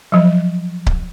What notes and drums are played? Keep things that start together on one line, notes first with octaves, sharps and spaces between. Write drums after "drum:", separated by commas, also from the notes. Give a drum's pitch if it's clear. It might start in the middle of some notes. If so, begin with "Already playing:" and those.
F3 F#3
drum: kick C#1